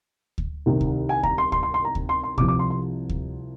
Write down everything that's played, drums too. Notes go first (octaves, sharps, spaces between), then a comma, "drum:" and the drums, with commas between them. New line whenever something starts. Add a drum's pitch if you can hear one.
drum: kick D2
C2 C3 D#3
drum: kick D2
G#5
A#5, drum: kick D2
C6
C6, drum: kick D2
C6
C6
A#5
drum: kick D2
C6
C6
C2 C3 F3 D6, drum: kick D2
D6
C6
C6
drum: kick D2